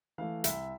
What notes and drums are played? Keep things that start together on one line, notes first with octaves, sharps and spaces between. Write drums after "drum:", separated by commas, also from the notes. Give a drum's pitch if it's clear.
E3 A3 F5
C2 E5, drum: hi-hat